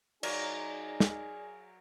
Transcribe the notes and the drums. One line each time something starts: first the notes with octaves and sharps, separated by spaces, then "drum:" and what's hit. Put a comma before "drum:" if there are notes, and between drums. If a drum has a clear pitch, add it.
F#3 D#4 G#4 A#4 D5, drum: cymbal
drum: snare